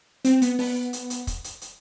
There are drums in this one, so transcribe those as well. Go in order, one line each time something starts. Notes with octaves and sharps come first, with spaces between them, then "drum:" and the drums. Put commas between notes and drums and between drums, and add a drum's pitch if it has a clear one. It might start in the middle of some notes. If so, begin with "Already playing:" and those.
C4, drum: hi-hat
B3, drum: hi-hat
B3, drum: open hi-hat
drum: hi-hat
drum: hi-hat
drum: kick, hi-hat
drum: hi-hat
drum: hi-hat